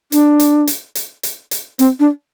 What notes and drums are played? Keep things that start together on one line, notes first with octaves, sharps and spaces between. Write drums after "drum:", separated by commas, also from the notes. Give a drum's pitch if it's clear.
D4, drum: hi-hat
drum: hi-hat
drum: hi-hat
drum: hi-hat
drum: hi-hat
drum: hi-hat
C4, drum: hi-hat
D4